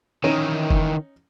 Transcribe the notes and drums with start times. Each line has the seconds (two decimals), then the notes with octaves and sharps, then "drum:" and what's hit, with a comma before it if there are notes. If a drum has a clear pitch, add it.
0.24 D#3 E3 C#4 D#4
0.70 drum: kick F1